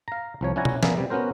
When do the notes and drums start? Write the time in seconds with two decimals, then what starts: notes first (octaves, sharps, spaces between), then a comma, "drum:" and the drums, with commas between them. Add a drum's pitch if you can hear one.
0.08 F5 A#5
0.41 C2 F3 C#5
0.56 C#4 E4 D5 F#5 G#5 A#5
0.65 drum: tom B2
0.83 B3 G#4 A#4 D5 E5 F5, drum: snare
0.97 C3 G3
1.10 B3 C#4 F#4 A#4 C5